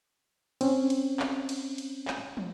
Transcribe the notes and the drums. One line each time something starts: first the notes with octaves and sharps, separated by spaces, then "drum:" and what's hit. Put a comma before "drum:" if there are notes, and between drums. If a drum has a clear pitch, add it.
C4 C#4, drum: cymbal
drum: cymbal
drum: clap
drum: cymbal
drum: cymbal
drum: clap
drum: tom